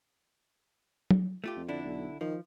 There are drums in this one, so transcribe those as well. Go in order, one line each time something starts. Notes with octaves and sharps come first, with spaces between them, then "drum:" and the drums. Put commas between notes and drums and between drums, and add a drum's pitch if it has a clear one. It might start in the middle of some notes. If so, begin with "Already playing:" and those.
drum: tom
A3 F4 G4
F2
D3 D4 E4
B1
D#3 F3